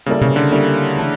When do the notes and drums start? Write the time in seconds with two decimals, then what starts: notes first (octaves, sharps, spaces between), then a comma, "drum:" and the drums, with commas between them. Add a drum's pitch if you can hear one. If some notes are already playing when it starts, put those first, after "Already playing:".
0.06 C#3 G3 A#3 E4 A4 D5
0.21 C#3, drum: tom C3
0.36 D3
0.51 G3 A#3 E4 A4 D5
0.96 E3 A3 D4